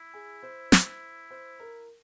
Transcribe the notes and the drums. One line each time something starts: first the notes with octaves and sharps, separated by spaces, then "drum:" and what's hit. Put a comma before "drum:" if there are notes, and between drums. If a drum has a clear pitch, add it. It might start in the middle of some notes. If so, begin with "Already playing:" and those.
Already playing: E4
G#4
C5
drum: snare
C5
A#4